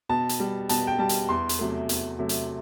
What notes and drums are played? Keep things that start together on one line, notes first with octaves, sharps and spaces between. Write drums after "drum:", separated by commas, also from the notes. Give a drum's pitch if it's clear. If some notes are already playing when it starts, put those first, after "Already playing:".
B2 A5
drum: hi-hat
G3
B2 A5, drum: hi-hat
G5
G3 A5
drum: hi-hat
E2 C6
drum: hi-hat
C3 F#3 A3
E2, drum: hi-hat
C3 F#3 A3
drum: hi-hat